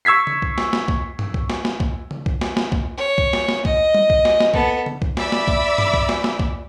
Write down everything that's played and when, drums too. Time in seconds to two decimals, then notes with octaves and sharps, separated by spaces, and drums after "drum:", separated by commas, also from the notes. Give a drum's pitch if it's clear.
0.05 C#6 E6 G#6 B6 C7
0.27 drum: tom
0.42 drum: kick
0.58 drum: snare
0.73 drum: snare
0.88 drum: kick
1.19 drum: tom G2
1.34 drum: kick
1.50 drum: snare
1.65 drum: snare
1.80 drum: kick
2.11 drum: tom
2.26 drum: kick
2.41 drum: snare
2.57 drum: snare
2.72 drum: kick
2.97 C#5
3.18 drum: kick
3.33 drum: snare
3.49 drum: snare
3.65 D#5, drum: kick
3.95 drum: tom G3
4.10 drum: kick
4.25 drum: snare
4.40 drum: snare
4.54 B3 A4, drum: kick
4.86 drum: tom
5.02 drum: kick
5.17 D5 E5 B5 D6 E6, drum: snare
5.32 drum: snare
5.48 drum: kick
5.78 drum: tom G2
5.94 drum: kick
6.09 drum: snare
6.24 drum: snare
6.39 drum: kick